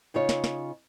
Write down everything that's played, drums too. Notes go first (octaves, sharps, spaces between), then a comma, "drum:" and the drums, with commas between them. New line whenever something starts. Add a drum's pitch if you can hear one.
C#3 D#4 F4 C#5
drum: snare
drum: snare